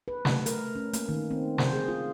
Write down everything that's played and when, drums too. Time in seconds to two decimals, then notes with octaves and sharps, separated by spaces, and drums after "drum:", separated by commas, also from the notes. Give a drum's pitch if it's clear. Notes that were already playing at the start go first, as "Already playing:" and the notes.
0.08 B4
0.25 A3, drum: snare
0.46 A#4, drum: hi-hat
0.75 C#4
0.93 A#3, drum: hi-hat
1.09 D#3
1.31 C4
1.58 C5, drum: snare
1.73 G#4
1.88 F4